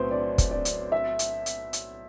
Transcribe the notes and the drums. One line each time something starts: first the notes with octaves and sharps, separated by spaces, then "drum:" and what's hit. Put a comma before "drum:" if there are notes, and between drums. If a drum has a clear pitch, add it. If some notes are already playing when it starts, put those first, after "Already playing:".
Already playing: B1 A2 F#3 C4 B4 C5
D5
drum: kick, hi-hat
D5
drum: hi-hat
E5
drum: hi-hat
drum: hi-hat
drum: hi-hat